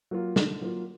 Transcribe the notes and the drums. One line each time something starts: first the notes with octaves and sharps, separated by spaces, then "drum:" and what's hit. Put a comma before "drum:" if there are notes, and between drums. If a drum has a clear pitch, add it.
F#3 A#3 F4
D3, drum: snare
F#3 A#3 F4